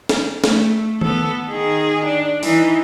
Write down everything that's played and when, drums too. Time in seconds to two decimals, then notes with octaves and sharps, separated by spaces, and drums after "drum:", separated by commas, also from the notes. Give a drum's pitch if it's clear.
0.09 drum: snare
0.44 A3, drum: snare
1.01 B3 A4, drum: tom D#3
1.49 D#3 G#4
2.06 D4
2.43 E3 D#4, drum: open hi-hat